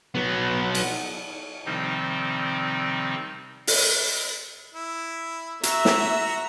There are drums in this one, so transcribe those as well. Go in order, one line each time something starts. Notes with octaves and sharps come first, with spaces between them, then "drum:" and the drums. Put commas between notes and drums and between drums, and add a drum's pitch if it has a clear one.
F#3 B3
drum: cymbal
C3 D#3 F3 G3 C4 D#4
drum: open hi-hat
E4
F#4 E5 A#5, drum: hi-hat
drum: snare